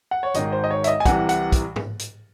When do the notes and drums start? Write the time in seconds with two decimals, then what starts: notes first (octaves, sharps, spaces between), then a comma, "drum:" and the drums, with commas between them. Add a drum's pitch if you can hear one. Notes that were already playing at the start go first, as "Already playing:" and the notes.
0.11 F#5
0.23 C#5
0.34 G#1 G#2 D#3 D#5, drum: hi-hat
0.52 C5
0.64 D#5
0.71 C#5
0.84 E5, drum: hi-hat
0.88 D#5
1.00 G#5
1.06 C2 C3 E3 F#5, drum: kick, hi-hat
1.29 F#5, drum: hi-hat
1.52 drum: kick, hi-hat
1.76 drum: tom G#2
1.99 drum: hi-hat